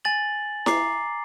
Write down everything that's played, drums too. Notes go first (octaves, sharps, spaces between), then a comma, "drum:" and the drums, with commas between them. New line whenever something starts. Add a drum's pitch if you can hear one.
G#5 A6 F#7
A#5 D6 C7, drum: snare E4